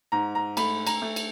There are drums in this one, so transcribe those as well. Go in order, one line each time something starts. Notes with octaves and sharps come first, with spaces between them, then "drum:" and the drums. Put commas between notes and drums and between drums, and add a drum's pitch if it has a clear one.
G#2 A#5
A#5
A3 B5, drum: cymbal
A#5, drum: cymbal
A3
drum: cymbal